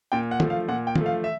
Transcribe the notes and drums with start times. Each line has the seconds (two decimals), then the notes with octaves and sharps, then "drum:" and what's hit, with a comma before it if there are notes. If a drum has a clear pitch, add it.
0.12 A#2 G5
0.31 F#5
0.40 F3 A3, drum: tom D#3
0.50 F5
0.68 A#2 F#5
0.87 G5
0.96 F3, drum: tom D#3
1.01 A3
1.06 F5
1.24 E5